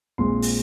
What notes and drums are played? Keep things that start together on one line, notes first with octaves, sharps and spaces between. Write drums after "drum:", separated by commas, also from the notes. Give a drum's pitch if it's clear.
A#1 A#2 G#3 C4 C6
drum: open hi-hat